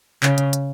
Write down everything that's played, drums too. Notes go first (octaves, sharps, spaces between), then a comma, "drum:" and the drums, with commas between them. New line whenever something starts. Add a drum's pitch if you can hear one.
C#3, drum: clap
drum: hi-hat
drum: hi-hat